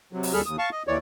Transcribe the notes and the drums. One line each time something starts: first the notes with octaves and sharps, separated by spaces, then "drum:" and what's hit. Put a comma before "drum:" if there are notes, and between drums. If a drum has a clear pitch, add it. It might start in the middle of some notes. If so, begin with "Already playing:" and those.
C3 F#3
drum: open hi-hat
D#2 G3 G#4 A4 B5 F6
D#2 D#6
F5 A5 C#6
D#5
D#2 E3 C#5 D5